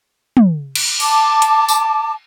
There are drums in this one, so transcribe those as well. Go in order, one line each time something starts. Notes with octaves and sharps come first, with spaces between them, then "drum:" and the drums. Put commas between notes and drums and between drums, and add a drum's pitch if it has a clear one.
drum: tom
drum: cymbal
A5 D6, drum: open hi-hat
drum: hi-hat
drum: tambourine